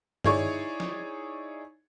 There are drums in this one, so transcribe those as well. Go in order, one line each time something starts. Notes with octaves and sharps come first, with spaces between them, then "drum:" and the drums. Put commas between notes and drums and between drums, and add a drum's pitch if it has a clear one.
D#4 E4 G#4 C#5 D5 C#6, drum: tom G2
drum: snare